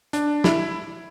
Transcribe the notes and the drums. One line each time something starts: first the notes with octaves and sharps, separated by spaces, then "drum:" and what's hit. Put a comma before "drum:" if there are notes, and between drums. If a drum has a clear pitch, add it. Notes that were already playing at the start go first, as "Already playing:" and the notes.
D4, drum: hi-hat
E4, drum: snare